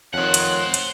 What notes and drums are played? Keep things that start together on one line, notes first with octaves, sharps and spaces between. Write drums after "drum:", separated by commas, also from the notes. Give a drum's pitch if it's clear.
F2 D#3 C5 C#5 F#5 F#6
drum: hi-hat
drum: hi-hat